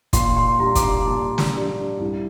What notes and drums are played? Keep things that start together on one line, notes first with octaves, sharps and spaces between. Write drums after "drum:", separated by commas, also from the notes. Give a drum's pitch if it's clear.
A#2 C6, drum: kick, hi-hat
C6
G3 D4 A#5
D6, drum: kick, hi-hat
C6
A#2 A5
drum: snare
G3 D4
C2